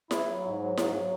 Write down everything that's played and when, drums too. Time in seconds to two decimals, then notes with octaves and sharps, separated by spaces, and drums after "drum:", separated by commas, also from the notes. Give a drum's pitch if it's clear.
0.11 E4, drum: snare E4
0.28 F#3
0.45 G#2
0.61 F#3
0.77 G#2, drum: snare E4
0.94 F#3